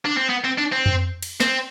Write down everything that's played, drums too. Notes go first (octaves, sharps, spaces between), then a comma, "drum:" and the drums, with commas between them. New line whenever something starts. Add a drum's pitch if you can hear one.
D4
C4
B3
C4
D4
C4
drum: tom F2
drum: cymbal
C4, drum: snare